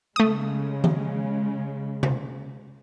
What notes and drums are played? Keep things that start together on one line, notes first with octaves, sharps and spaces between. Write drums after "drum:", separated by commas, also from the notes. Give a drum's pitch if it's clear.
C#3 G#3 A3 D#6
drum: tom D#3
drum: tom C3